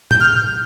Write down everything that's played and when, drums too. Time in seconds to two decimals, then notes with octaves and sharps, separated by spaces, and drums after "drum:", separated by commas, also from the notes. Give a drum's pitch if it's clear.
0.11 G6, drum: tom A2
0.20 F6